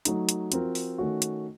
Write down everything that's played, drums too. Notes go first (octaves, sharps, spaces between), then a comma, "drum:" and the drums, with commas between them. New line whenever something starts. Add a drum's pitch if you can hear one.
F#3 A3 D#4, drum: hi-hat
drum: hi-hat
F3 C4 F#4 A#4, drum: hi-hat
drum: open hi-hat
D#3 A3 C#4 F#4
drum: hi-hat